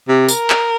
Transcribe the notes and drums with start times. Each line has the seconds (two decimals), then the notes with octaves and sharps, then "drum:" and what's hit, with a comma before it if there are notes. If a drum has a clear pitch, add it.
0.08 C3
0.28 A#4, drum: tambourine
0.50 drum: clap